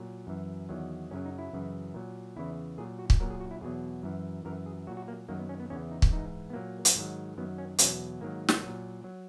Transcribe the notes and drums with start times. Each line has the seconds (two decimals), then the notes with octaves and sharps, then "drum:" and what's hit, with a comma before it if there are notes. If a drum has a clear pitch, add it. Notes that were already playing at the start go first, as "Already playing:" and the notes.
Already playing: A#2 F#3
0.27 F#2 E3
0.69 E2 D#3 F#3
1.11 F#2 C#3 F#3 C#4
1.25 D#4
1.38 E4
1.53 F#2 C#3 E3
1.94 A#2 F#3
2.36 E2 C#3 E3 E4
2.78 A#2 F#3 G#4
2.99 F#4
3.10 drum: kick
3.20 A#2 F#3 A#4
3.30 G#4
3.40 F#4
3.51 E4
3.61 E2 B2 F#3 G#4
4.03 F#2 E3
4.45 F#2 E3 A#4
4.66 G#4
4.87 A#2 F#3 F#4
4.97 F#4
5.08 A#3
5.29 F#2 D#3 F#3 A#3
5.39 B3
5.49 C#4
5.60 B3
5.70 E2 C#3 E3 C#4
5.91 D#4
6.02 drum: kick
6.12 G#2 E3 D#4
6.50 B3
6.53 A#2 F#3 A#3
6.85 drum: hi-hat
6.96 G#2 D#3 F#3
7.37 F#2 D#3 F#3 B3
7.58 C#4
7.78 E2 B2 F#3 C#4, drum: hi-hat
8.21 G#2 D#3 F#3 A#3
8.49 drum: snare
8.62 A#2 F#3
9.04 F#3